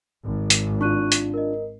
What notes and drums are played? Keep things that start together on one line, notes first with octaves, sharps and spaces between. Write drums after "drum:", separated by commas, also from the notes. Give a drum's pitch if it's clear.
G#1
drum: hi-hat
D4 F4 C#6 F#6 D#7
drum: hi-hat
A#4 D#5